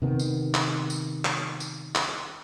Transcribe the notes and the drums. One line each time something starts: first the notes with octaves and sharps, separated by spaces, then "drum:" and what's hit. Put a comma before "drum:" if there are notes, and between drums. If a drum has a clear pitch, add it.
C3 D#3 B3
drum: tambourine
drum: clap
drum: tambourine
drum: clap
drum: tambourine
drum: clap